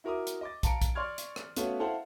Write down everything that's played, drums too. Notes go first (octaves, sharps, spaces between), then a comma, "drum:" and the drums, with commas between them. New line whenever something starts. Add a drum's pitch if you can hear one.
E4 F#4 A#4 E5 D6 D#6
drum: hi-hat
D#5 D6 A6
F5 A5 A#5 C#7 D7, drum: kick, hi-hat
drum: kick, hi-hat
D5 C6 C#6 F6 G#6
drum: hi-hat
drum: rim click
A3 B3 C#4 F4 F#4 B4, drum: hi-hat
E4 A4 C5 F5 F#5